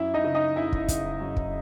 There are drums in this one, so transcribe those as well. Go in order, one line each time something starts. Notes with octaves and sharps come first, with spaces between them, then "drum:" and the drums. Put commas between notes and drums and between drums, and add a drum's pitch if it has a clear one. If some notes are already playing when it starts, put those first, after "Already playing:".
Already playing: F#2 E4 E5
D#4 D#5
C#3
D#4 D#5
F#1 E4 E5
drum: kick
F#1, drum: kick, hi-hat
F#2
drum: kick